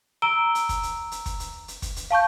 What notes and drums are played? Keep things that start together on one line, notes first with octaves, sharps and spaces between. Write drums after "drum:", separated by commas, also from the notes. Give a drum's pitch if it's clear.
A#5 E6 D7 G7
drum: hi-hat
drum: kick, hi-hat
drum: hi-hat
drum: hi-hat
drum: kick, hi-hat
drum: hi-hat
drum: hi-hat
drum: kick, hi-hat
drum: hi-hat
F5 A5 C#6 G6